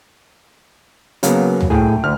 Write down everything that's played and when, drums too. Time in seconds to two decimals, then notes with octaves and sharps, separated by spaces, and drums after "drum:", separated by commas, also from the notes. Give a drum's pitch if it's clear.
1.23 C#3 F#3 A#3 B3 F5, drum: hi-hat
1.61 drum: tom
1.70 A2 A3 G#4 G5
2.04 D2 F6